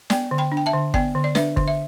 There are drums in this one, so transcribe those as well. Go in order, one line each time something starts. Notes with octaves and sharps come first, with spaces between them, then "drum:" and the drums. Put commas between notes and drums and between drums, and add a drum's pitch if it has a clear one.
B3 D5 G5, drum: snare
D3
G5 B5
D4
G5
E5 A5
D3
B3 D5 G5, drum: kick
D3
D5
D4 B4 E5, drum: snare
D3, drum: kick
E5